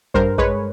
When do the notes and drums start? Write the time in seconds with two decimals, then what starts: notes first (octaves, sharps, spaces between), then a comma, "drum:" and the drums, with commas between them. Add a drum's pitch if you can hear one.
0.14 G2 A#4 C5, drum: kick
0.38 G#3 B4 C#5, drum: kick